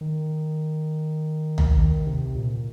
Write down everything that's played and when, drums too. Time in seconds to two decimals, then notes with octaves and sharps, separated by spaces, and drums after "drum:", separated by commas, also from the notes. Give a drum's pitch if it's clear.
0.01 D#3
1.58 drum: tom
1.77 D#3
2.06 C3
2.35 A#2